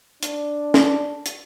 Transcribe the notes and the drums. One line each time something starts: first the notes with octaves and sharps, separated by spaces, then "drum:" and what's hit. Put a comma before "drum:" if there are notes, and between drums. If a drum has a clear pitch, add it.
D4, drum: hi-hat
drum: snare
drum: hi-hat